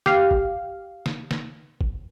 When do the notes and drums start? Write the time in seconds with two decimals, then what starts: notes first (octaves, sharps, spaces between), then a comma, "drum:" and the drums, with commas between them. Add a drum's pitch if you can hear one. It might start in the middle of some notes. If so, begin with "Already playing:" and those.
0.06 G4 F5, drum: snare
0.31 drum: kick
1.06 drum: snare
1.31 drum: snare
1.81 drum: kick